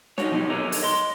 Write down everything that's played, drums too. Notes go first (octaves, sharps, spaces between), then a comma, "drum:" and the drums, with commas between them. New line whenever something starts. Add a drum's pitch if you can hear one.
D#4 F#4 C#5, drum: snare
B2 F3 F#3 D#4 G4
G4 A4 A#4 C#5 D#5
drum: open hi-hat
D#5 C6